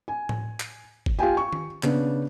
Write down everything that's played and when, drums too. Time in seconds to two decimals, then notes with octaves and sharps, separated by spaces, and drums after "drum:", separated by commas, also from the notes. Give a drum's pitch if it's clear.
0.08 G#5
0.29 drum: tom A2
0.60 drum: clap
1.06 drum: kick G1
1.19 F4 G4 G5 G#5
1.37 C#6
1.53 drum: tom D#3
1.83 C#3 B3 D4, drum: clap